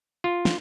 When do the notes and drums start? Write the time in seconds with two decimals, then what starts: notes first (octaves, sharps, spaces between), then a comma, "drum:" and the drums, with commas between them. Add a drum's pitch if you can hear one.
0.24 F4
0.45 drum: snare